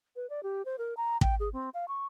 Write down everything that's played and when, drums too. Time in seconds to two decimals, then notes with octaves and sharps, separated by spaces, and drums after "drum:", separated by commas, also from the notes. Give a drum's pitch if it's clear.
0.16 B4
0.30 D5
0.43 G4
0.65 C5
0.78 A#4
0.97 A#5
1.21 G5, drum: kick
1.40 G#4
1.53 C4
1.74 F5
1.88 C#6